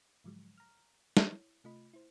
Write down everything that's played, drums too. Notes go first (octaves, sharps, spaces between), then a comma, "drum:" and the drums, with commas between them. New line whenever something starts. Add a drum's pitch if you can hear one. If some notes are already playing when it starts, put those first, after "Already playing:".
G#2 D3 F3 F#3 G#3
A#5 F6
drum: snare
E4 C#5
C3 A3 F4 D#5 B5
E4 C5